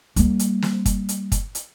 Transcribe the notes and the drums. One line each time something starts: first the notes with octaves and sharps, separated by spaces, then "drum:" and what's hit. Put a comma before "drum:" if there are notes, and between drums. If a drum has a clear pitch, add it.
G3 A#3, drum: hi-hat
drum: hi-hat
drum: snare
drum: kick, hi-hat
drum: hi-hat
drum: kick, hi-hat
drum: hi-hat